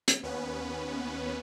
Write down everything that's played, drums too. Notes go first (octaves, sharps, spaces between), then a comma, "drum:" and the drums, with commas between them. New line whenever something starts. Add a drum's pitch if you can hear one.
drum: hi-hat
D#2 B3 C#4 B4